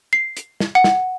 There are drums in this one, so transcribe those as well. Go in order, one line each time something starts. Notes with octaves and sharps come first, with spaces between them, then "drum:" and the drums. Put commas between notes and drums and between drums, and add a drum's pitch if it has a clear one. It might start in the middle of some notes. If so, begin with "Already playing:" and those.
C7
drum: hi-hat
drum: snare
F#5
drum: snare